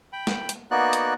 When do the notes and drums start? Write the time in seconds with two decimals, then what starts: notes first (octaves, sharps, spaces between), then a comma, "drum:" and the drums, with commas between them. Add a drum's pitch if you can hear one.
0.13 G5 B5
0.27 drum: snare
0.49 drum: hi-hat
0.71 A#3 B3 D#4 F#4 D5 F#6
0.93 drum: hi-hat